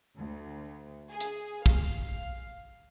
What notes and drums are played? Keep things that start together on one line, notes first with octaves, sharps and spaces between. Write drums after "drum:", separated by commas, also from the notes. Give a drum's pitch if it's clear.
D2
G#4
drum: hi-hat
F5, drum: kick